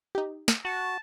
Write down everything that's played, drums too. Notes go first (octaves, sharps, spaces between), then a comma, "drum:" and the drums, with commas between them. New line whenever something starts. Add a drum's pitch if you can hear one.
D#4 G4
drum: snare
F#4 A5